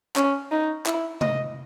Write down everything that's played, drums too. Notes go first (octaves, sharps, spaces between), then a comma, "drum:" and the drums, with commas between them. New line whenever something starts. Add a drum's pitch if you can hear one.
C#4, drum: clap
D#4
E4, drum: clap
D#5, drum: tom C3